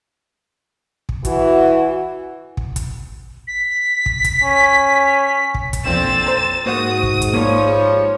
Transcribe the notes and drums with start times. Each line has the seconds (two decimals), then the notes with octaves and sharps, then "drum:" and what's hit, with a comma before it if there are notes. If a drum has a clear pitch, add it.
1.09 drum: kick
1.25 E3 E4 F#4, drum: kick, hi-hat
2.57 drum: kick
2.76 drum: kick, hi-hat
3.47 B6
4.06 drum: kick
4.24 drum: kick, hi-hat
4.43 C#4
5.54 drum: kick
5.73 drum: kick, hi-hat
5.85 B1 F2 A#2 D3 C4 A6 E7
6.26 C5 A#5
6.66 G#2 A#3 F#4 C5 F#5 D#6
7.03 drum: kick
7.22 drum: kick, hi-hat
7.33 F3 G3 A#3 C#5